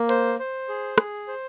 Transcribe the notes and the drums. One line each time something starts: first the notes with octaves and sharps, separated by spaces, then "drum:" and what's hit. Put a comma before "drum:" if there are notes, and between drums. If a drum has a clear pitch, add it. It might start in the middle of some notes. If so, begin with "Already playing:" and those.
Already playing: A#3
C5, drum: hi-hat
C5
G#4
G#4, drum: rim click
C5